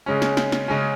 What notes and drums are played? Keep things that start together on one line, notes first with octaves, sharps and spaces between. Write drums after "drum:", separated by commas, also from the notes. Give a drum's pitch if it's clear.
C#3 G#3 C#4
drum: snare
drum: snare
drum: snare
C#3 G#3 C#4